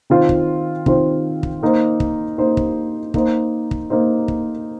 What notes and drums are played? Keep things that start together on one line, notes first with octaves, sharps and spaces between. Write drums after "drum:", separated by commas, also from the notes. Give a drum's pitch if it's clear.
D#3 C4 F4 C5
drum: kick
D#3 C4 F4 C5, drum: kick
drum: kick
A#3 D#4 C5
drum: kick
A#3 D#4 C5
drum: kick
A#3 D#4 C5, drum: kick
drum: kick
A#3 D#4 C5
drum: kick